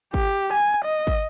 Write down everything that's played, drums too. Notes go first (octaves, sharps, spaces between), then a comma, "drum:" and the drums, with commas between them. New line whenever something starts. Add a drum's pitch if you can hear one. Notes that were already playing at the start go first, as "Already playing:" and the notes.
G4, drum: kick
G#5
D#5
drum: kick